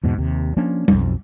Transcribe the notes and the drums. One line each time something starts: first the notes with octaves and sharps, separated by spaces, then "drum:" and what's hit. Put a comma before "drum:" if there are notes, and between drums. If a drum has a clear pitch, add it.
E2 G#2 B2
D#2 C3
F3 A#3 C#4 D4
B1 F2, drum: tom